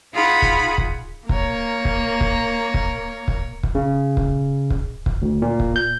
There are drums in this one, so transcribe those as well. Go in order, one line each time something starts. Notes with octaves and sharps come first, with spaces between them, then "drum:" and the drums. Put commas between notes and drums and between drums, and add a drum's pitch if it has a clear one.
D#4 F4 G#4 F#5 B5
drum: kick
drum: kick
A#3 A#4 C#5, drum: kick
drum: kick
drum: kick
drum: kick
drum: kick
drum: kick
C#3
drum: kick
drum: kick
drum: kick
D2
A#2
drum: kick
G6